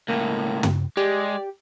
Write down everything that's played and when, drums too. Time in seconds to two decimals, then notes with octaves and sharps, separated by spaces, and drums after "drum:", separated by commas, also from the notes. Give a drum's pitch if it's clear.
0.08 C#2 A2 A#3
0.63 drum: tom
0.97 G#3 G4 D5